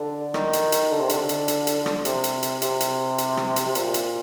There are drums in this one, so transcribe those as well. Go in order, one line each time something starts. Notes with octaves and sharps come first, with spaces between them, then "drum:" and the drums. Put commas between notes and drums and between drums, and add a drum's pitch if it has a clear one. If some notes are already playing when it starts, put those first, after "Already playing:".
Already playing: D3
D#3, drum: rim click
drum: hi-hat
drum: hi-hat
D3
C3
D3, drum: hi-hat
drum: hi-hat
drum: hi-hat
drum: hi-hat
drum: rim click
C3, drum: hi-hat
drum: hi-hat
drum: hi-hat
C3, drum: hi-hat
drum: hi-hat
drum: hi-hat
drum: rim click
drum: hi-hat
C3
A#2, drum: hi-hat
drum: hi-hat